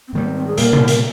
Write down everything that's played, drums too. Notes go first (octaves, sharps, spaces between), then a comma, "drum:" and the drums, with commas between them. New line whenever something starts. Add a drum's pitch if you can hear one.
C4
G#2 D#3 G3 A#3
C4
C4
G#4
A#2 G3 A#3 A#4, drum: hi-hat
drum: tom C3
drum: hi-hat